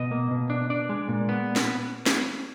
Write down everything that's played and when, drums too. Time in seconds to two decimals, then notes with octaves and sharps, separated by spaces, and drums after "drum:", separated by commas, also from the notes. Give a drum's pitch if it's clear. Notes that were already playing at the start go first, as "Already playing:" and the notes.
Already playing: B2 D#5
0.11 A#3
0.31 B2
0.50 D4
0.70 D4 D5
0.89 G#3
1.09 A#2
1.29 B3
1.56 drum: snare
2.06 drum: snare